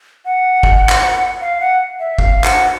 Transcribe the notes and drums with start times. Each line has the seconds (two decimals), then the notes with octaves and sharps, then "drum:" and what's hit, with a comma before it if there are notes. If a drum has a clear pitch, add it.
0.25 F#5
0.63 drum: kick
0.89 drum: clap
1.41 F5
1.60 F#5
2.00 E5
2.19 F5, drum: kick
2.44 F#5, drum: clap